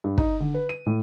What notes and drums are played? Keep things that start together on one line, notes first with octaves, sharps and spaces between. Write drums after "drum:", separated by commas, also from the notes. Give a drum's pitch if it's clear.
G2
D#4, drum: kick
D3
B4
D#7
A2